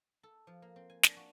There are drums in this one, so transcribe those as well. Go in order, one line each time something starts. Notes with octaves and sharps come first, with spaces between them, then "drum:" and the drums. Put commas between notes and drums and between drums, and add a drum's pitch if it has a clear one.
A4
F3
A#3
C4
G#5
D4, drum: snare
F#4